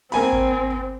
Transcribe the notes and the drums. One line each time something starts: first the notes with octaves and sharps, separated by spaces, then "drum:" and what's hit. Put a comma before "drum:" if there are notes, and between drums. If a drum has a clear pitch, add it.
A#3 C4 G#5 B5, drum: open hi-hat
drum: kick G#1